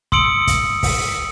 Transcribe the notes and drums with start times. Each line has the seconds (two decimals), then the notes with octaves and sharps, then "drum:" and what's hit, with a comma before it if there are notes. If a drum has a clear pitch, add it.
0.12 C6 D#6 E6 C#7 D7 F#7, drum: kick
0.47 drum: kick, hi-hat
0.83 drum: kick, open hi-hat